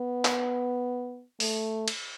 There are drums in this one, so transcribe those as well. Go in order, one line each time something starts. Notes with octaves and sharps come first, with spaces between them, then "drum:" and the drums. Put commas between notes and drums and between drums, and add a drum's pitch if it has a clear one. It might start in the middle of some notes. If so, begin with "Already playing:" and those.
Already playing: B3
drum: clap
A3, drum: open hi-hat
drum: cymbal